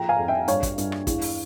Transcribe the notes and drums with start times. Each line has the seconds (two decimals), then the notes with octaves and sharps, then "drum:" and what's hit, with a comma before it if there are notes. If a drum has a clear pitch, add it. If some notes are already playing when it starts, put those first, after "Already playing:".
Already playing: F3 G5 A#5
0.09 F5 G#5
0.19 F2
0.28 E5 G5
0.48 G2 C#5 F5, drum: hi-hat
0.63 drum: kick, hi-hat
0.78 G2, drum: hi-hat
0.92 drum: rim click
1.07 E2, drum: kick, hi-hat
1.21 drum: open hi-hat